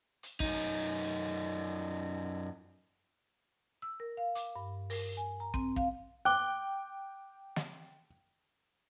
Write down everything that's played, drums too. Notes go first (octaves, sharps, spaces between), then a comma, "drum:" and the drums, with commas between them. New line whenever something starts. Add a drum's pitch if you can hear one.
drum: hi-hat
F#2 D#4, drum: kick
E6
A#4
F5
D6, drum: hi-hat
G2
A#4, drum: open hi-hat
G#5
A#5
C4, drum: kick
F5, drum: kick
G5 D6 F#6
drum: snare